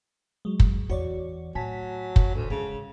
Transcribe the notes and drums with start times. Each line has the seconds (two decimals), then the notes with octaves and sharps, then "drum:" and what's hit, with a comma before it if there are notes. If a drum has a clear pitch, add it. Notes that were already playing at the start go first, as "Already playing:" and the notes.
0.45 F#3 G#3
0.60 drum: kick
0.90 E2 F#4 C#5 D5
1.55 A2 F#3 G#5 A5 B6
2.16 drum: kick
2.35 D2 A2
2.50 C#3 G#3